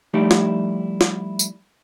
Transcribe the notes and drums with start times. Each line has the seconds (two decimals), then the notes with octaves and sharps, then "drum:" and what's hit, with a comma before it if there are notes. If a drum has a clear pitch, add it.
0.14 F3 G3 A3 D#4 E4 G4
0.31 drum: snare
1.01 drum: snare
1.39 drum: tambourine